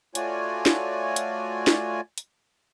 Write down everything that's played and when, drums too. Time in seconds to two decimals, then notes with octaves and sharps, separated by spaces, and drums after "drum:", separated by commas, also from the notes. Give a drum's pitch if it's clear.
0.15 A3 F4 F#4 C#5 D5 G#5, drum: hi-hat
0.66 drum: snare
1.16 drum: hi-hat
1.67 drum: snare
2.18 drum: hi-hat